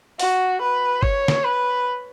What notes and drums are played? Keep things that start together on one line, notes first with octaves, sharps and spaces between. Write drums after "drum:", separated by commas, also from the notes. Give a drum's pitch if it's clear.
F#4, drum: open hi-hat
B4
C#5, drum: kick G1
drum: snare
B4